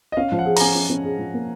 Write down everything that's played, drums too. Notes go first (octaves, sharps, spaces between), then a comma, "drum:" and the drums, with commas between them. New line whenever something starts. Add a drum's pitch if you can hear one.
D#5
C#4 F5
F3
F#5
G#4
A#5, drum: open hi-hat
C#4 G#5
C#4
C#4
G#4
F3
A#3